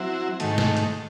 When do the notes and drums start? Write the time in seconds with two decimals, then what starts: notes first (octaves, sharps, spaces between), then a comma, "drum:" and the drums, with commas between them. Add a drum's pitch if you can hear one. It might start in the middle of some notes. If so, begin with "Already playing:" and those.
Already playing: F#3 C4 E4
0.40 G#2 D#3 A3, drum: hi-hat
0.58 drum: snare
0.77 drum: hi-hat